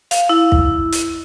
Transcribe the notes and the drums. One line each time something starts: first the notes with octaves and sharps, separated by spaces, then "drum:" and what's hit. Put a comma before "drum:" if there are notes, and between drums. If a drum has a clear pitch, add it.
F5, drum: hi-hat
E4
drum: kick
drum: hi-hat